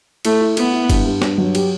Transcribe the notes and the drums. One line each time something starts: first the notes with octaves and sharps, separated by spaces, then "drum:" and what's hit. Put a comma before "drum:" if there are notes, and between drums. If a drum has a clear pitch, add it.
A3 E4, drum: cymbal
E4
B3 E4, drum: cymbal
E4
G2, drum: kick, cymbal
G2
G2, drum: snare
F#3
G4, drum: cymbal